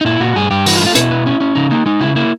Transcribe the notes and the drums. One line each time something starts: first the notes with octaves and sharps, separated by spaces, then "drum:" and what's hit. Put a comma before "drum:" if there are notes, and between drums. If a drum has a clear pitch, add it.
D#4
A#2 E4
A#2 F#4
G2 G#4
G2 G4
E3 F#4, drum: open hi-hat
F4
A3
F4
B2 E4, drum: hi-hat
B3
C#4
C#4
C#3 D#4
A#3 D#4
G#3 D#4
C#3 E4
A#3 E4